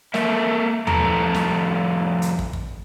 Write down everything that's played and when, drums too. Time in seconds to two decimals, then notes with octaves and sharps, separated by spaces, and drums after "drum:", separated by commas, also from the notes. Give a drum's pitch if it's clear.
0.14 A#3 A4 A#4 E5, drum: snare
0.87 F2 A2 A4 A#5, drum: tom
1.34 drum: snare
2.22 drum: hi-hat
2.39 drum: kick
2.53 drum: kick